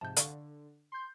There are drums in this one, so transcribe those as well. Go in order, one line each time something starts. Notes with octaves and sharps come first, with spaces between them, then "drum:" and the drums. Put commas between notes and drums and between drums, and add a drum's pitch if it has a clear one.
G#2 C3 F3 A5 G6
D3 D5 F5 C#6, drum: hi-hat
C6 G6